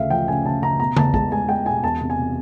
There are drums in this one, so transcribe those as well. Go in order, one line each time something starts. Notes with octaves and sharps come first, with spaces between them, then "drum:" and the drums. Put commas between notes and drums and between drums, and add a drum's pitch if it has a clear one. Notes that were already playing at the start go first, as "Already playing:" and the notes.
Already playing: D2 C#3 E5 F5
F3 G5
C#3 G#5
C#3 A5
C#3 A#5
B2 A#5
E2 A5, drum: tom C#3
G#3 A5, drum: kick
G#3 G#5
G#3 G5
B2 G#5
E1 A5
C3
G#5
C3